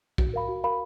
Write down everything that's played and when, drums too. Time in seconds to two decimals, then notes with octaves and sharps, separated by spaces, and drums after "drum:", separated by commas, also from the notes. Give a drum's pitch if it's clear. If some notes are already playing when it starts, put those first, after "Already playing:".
0.18 F#4, drum: kick
0.34 A#4 F5 B5
0.48 F#4
0.64 A#4 F5 B5